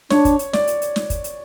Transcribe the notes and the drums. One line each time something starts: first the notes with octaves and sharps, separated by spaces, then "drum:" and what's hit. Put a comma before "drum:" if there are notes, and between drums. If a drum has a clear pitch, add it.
D4 C#5, drum: snare
drum: kick, hi-hat
drum: hi-hat
D5, drum: snare
drum: hi-hat
drum: hi-hat
drum: snare
drum: kick, hi-hat
drum: hi-hat